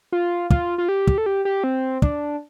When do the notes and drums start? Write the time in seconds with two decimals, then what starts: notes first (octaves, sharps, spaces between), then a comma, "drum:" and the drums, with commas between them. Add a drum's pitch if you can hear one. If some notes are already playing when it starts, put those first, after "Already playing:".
0.12 F4
0.50 F4, drum: kick
0.78 F4
0.89 G4
1.07 drum: kick
1.18 A4
1.26 G4
1.45 G4
1.64 C4
2.02 D4, drum: kick